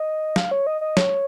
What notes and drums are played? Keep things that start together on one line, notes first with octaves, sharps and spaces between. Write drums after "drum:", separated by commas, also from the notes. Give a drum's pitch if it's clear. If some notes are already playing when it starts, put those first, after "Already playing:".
Already playing: D#5
F5, drum: snare
C#5
D#5
D#5
C#5, drum: snare